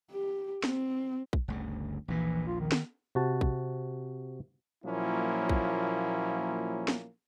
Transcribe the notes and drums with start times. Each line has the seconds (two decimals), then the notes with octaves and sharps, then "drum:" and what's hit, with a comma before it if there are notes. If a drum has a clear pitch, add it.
0.11 G4
0.64 C4, drum: snare
1.33 drum: kick A#1
1.48 G1 D2 C#3
2.08 A#1 D#2 A#2 E3
2.47 F4
2.60 D#3
2.72 drum: snare
3.15 C3 F#4 A5
3.41 drum: kick A#1
4.85 A#2 F3 F#3 A#3 C#4 E4
5.49 drum: kick A#1
6.88 drum: snare